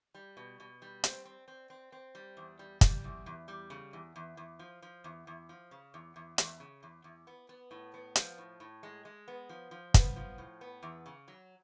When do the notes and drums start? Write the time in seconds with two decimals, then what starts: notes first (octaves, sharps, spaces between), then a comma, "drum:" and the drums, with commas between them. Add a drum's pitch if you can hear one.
0.15 G3
0.37 B2
0.60 B2
0.82 G3
1.04 C4, drum: hi-hat
1.25 C4
1.48 C4
1.70 C4
1.92 C4
2.15 G3
2.37 E2
2.59 G3
2.81 G3, drum: kick, hi-hat
3.04 E2
3.26 E2
3.48 G3
3.70 C#3
3.93 E2
4.16 E2
4.37 E2
4.59 F3
4.82 F3
5.04 E2
5.27 E2
5.49 F3
5.71 C#3
5.94 E2
6.16 E2
6.38 E2, drum: hi-hat
6.60 C#3
6.83 E2
7.04 E2
7.27 B3
7.49 B3
7.71 A2
7.94 B3
8.16 F3, drum: hi-hat
8.38 A2
8.60 A2
8.83 G#3
9.05 G#3
9.28 B3
9.49 F3
9.71 F3
9.94 B3, drum: kick, hi-hat
10.16 F3
10.38 A2
10.61 B3
10.83 E2
11.06 C#3
11.28 F#3